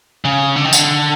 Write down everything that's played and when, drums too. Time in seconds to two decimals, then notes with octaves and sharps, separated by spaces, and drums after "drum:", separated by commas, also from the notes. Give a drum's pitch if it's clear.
0.25 C#3
0.56 D3
0.64 D#3
0.73 D3, drum: tambourine